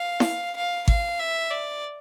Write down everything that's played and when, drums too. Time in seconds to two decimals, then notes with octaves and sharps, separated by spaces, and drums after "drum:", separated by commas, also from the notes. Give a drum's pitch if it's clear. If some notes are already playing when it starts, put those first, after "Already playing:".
Already playing: F5
0.20 drum: snare E4
0.56 F5
0.88 F5, drum: kick G#1
1.19 E5
1.50 D5